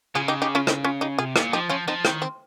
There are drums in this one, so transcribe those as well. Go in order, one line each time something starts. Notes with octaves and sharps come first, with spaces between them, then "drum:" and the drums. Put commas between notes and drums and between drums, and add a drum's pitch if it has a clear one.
C#3 F4 G#4
D#4 G4
D#4 G4
C#4 F4
C4 D#4, drum: rim click
C#4 F4
D#4 G4
C3 F4 G#4
A#2 D#4 G4, drum: rim click
F3 D#4 G4
F3 C#4 F4
F3 C4 D#4
D#3 C4, drum: rim click
C4